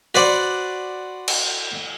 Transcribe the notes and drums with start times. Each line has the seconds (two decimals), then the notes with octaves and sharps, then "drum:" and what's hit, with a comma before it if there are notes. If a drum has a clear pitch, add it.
0.15 F#4 B4 C5 D5 F#5
1.28 drum: cymbal